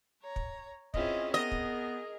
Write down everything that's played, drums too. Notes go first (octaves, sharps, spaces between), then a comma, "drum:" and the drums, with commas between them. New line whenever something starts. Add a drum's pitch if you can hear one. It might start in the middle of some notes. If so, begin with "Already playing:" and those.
C#5 A#5
drum: kick
C4 C#4 E4 F4 G#4 D#5, drum: kick
B3 G#4 A#4 D#5
drum: kick